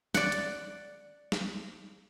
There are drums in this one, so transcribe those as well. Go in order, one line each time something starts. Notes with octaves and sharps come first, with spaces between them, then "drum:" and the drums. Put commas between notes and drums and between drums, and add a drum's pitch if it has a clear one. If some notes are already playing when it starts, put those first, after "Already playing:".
D5 F#5, drum: snare
drum: hi-hat
drum: snare